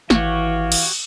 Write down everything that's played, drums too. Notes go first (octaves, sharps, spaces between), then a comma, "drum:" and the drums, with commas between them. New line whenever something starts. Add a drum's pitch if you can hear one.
G#1 E3 F#4 G4 C#5 F5, drum: snare
drum: cymbal